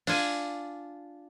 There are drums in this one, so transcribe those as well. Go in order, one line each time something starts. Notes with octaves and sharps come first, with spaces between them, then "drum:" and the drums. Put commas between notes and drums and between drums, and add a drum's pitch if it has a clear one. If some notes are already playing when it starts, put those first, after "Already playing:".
D4 F4 G#5, drum: open hi-hat